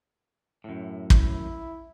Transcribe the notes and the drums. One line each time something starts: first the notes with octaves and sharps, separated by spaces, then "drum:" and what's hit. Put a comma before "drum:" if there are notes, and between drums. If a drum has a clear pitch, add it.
F#2 A2
E4, drum: kick